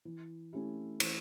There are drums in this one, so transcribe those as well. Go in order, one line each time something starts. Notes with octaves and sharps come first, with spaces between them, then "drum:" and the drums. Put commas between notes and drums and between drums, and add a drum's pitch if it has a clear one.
E3
A3 C#4 E4 G4
E3, drum: cymbal